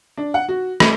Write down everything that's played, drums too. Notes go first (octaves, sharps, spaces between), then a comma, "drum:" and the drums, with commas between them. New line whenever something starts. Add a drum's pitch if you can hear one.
D4
F#5
F#4
A3, drum: rim click